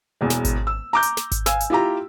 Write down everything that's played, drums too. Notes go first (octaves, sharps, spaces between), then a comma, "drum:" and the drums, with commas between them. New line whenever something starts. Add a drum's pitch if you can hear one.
E1 E2
drum: snare
drum: kick G#1, hi-hat
E6
A#5 D6 G6
drum: hi-hat
drum: snare
drum: kick G#1, hi-hat
F5 G#5 E6, drum: snare
drum: hi-hat
E4 F4 G4 A#5